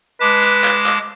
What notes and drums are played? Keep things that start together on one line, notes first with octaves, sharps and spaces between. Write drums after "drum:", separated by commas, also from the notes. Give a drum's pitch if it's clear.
G#3 B4 A5 D6
drum: hi-hat
drum: clap
drum: clap